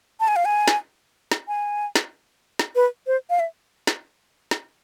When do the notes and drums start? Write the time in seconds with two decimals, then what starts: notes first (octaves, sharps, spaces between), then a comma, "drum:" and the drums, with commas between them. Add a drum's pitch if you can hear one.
0.20 A5
0.28 G#5
0.36 F5
0.45 G#5
0.68 drum: snare
1.32 drum: snare
1.48 G#5
1.95 drum: snare
2.59 drum: snare
2.76 B4
3.07 C5
3.30 F5
3.40 E5
3.87 drum: snare
4.51 drum: snare